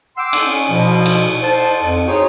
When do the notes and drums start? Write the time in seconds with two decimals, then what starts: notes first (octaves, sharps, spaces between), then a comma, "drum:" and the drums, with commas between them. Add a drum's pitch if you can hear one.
0.17 F#5 G5 C6 D6 E6
0.33 drum: cymbal
0.45 C#4
0.69 B2 F3
1.06 drum: cymbal
1.42 C5 A5
1.83 F2
2.07 D#4 F#4 G#4 C5 C#5